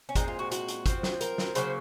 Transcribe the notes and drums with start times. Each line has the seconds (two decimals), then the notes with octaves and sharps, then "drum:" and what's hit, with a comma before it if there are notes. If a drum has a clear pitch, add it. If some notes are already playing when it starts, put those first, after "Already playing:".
0.09 C#4
0.15 A#2 G#3 C4 D#4, drum: kick, hi-hat
0.28 F4
0.39 F#4
0.51 F#4, drum: hi-hat
0.68 drum: hi-hat
0.86 F3 C4, drum: kick, hi-hat
1.03 drum: snare
1.21 A#4, drum: hi-hat
1.38 drum: snare
1.55 C#3 F#3 A#3 C5, drum: hi-hat